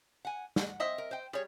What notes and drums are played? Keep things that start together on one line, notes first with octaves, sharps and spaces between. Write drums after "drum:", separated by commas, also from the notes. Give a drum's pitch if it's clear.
F#5 G#5
F#5, drum: snare
C4 D#5 E5
A#4
C5 G5
G3 G#4 C#5